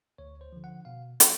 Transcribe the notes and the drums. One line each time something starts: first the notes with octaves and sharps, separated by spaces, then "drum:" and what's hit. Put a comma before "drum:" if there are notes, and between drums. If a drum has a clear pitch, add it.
D2 C#5
C5
D3 F3
F#5
B2 F5
F#3 B3, drum: hi-hat